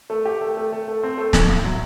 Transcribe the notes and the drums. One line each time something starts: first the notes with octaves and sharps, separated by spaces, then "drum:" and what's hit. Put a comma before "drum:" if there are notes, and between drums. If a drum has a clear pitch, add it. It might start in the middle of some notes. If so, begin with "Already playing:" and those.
A3
G4
A3
A3
A3
A3
C4
A3
A2, drum: snare
A2
F#3